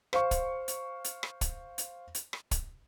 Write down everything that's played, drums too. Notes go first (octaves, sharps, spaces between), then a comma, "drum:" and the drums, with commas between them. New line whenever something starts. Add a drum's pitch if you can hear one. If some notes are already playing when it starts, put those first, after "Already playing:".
C5 F5 C#6, drum: rim click
drum: kick, hi-hat
drum: hi-hat
drum: hi-hat
drum: rim click
drum: kick, hi-hat
drum: hi-hat
drum: hi-hat
drum: rim click
drum: kick, hi-hat